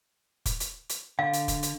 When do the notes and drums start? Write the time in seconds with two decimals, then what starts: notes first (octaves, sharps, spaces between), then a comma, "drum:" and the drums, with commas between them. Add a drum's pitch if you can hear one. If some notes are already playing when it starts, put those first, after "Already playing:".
0.46 drum: kick, hi-hat
0.60 drum: hi-hat
0.89 drum: hi-hat
1.19 D3 F5
1.33 drum: hi-hat
1.48 drum: kick, hi-hat
1.63 drum: hi-hat